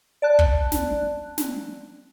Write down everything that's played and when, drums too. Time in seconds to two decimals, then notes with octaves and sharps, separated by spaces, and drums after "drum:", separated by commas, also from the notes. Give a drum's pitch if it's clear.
0.22 D5 A5 F#6
0.39 drum: kick
0.72 drum: snare
1.38 drum: snare